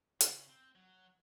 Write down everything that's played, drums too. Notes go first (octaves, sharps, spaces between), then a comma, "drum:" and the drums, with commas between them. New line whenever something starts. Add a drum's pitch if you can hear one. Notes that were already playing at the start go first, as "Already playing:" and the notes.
C#3, drum: hi-hat
C4
F#3